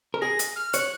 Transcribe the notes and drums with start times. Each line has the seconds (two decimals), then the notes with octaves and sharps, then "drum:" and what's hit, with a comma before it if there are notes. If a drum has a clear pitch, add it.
0.14 A#4
0.21 G#4 A#6
0.39 drum: hi-hat
0.56 F6
0.73 C#5 F#6, drum: hi-hat